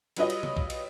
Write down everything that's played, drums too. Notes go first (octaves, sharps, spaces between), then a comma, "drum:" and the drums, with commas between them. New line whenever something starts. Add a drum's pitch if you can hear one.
F#3 G3 F4 B4 C#5 D#5, drum: cymbal
drum: cymbal
drum: tom C3
drum: kick B1
drum: cymbal